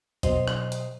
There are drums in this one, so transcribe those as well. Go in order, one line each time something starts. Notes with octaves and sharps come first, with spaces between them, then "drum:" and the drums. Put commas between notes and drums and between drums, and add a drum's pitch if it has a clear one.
B2 F#3 C5 D#5, drum: kick G#1, hi-hat
drum: rim click
drum: hi-hat